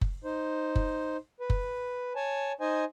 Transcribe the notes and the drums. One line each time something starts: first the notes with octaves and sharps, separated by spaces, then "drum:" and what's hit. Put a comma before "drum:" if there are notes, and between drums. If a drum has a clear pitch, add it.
drum: kick F#1
D#4 C5
drum: kick F#1
B4
drum: kick F#1
C#5 G#5 A5
D#4 C5 D#5 G#5